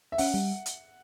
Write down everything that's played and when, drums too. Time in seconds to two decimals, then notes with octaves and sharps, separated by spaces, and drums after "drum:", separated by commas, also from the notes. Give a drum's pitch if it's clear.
0.12 E5
0.18 C#4 F#5, drum: open hi-hat
0.34 G3
0.66 drum: hi-hat